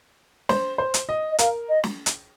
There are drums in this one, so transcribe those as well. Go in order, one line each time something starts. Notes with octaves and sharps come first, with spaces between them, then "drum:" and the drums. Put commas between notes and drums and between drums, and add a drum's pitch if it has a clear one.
C5, drum: snare
C5
drum: hi-hat
D#5
D#5
A#4 F5, drum: hi-hat
D#5
drum: snare
drum: hi-hat